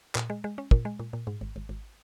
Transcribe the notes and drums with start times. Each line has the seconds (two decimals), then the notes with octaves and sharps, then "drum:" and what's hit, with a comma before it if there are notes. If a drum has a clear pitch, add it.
0.15 A#2, drum: clap
0.30 G#3
0.44 G#3
0.58 C#4
0.71 A#2, drum: kick
0.85 G#3
1.00 A#2
1.13 A#2
1.27 G#2
1.41 G#1
1.56 G#1
1.69 G#1